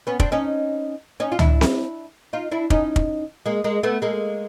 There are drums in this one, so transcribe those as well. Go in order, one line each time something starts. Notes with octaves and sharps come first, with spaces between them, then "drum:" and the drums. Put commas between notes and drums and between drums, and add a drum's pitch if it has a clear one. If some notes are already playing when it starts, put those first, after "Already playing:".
B3 C#4
C4 D4, drum: kick
C#4 D#4
C#4 D#4
F4
D4 E4, drum: tom C#2
drum: snare C4
D#4 F4
D4 E4
C#4 D#4, drum: kick
drum: kick
G#3 A#3
G#3 A#3
A3 B3
G#3 A#3